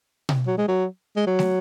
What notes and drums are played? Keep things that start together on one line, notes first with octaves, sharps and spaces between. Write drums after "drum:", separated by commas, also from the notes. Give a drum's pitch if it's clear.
drum: tom B2
F#3
G#3
F#3
G#3
F#3
drum: snare